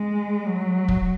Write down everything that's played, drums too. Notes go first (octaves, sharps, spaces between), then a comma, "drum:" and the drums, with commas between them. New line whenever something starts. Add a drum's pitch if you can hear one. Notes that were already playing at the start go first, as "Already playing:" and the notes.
Already playing: G#3
F#3
drum: kick